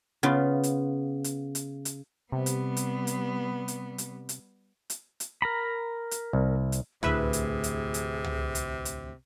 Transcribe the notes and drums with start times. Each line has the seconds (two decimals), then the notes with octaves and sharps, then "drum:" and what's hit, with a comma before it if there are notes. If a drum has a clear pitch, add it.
0.23 C#3 B3 F4
0.63 drum: hi-hat
1.24 drum: hi-hat
1.55 drum: hi-hat
1.85 drum: hi-hat
2.32 C3 G3 B3
2.46 drum: hi-hat
2.77 drum: hi-hat
3.07 drum: hi-hat
3.68 drum: hi-hat
3.98 drum: hi-hat
4.29 drum: hi-hat
4.90 drum: hi-hat
5.20 drum: hi-hat
5.42 A#4 A#5 B5
6.11 drum: hi-hat
6.33 C2
6.72 drum: hi-hat
7.03 D2 A2 C3 E4 G#4 B4 E5, drum: tom
7.33 drum: hi-hat
7.64 drum: hi-hat
7.94 drum: hi-hat
8.24 drum: tom
8.55 drum: hi-hat
8.85 drum: hi-hat